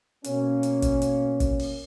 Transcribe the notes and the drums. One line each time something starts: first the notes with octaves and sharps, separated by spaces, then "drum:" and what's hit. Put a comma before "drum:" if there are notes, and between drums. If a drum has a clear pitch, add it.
B2 A#3 C#4, drum: hi-hat
drum: hi-hat
drum: kick, hi-hat
drum: hi-hat
drum: kick, hi-hat
drum: open hi-hat